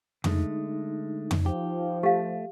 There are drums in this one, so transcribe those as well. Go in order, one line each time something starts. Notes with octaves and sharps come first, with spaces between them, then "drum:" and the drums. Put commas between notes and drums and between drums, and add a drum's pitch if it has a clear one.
D3 G#3 A3 D#4, drum: tom F2
drum: tom F2
F3 G4
A3 G4 F5